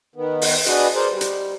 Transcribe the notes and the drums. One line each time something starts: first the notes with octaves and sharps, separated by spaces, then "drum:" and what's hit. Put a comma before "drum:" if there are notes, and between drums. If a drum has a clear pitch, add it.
D#3 B3
drum: open hi-hat
D4 F#4 G#4 B4 D#5, drum: hi-hat
G#4 A#4 C5 D5
G3
drum: hi-hat